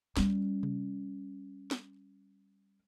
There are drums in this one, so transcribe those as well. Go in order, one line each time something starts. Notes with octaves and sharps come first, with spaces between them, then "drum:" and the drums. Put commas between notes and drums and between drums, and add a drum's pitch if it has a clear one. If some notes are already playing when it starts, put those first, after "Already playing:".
G3 C#4, drum: snare
drum: tom C3
drum: snare